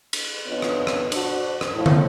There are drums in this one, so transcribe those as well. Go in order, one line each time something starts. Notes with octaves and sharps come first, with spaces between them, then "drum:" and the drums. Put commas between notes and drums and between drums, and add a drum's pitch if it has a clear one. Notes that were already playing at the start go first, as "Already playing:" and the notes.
drum: cymbal
F2 B3 D4 F4 C#5 D#5
drum: rim click
drum: rim click
D4 F#4 C5, drum: cymbal
drum: rim click
A2 F3
drum: tom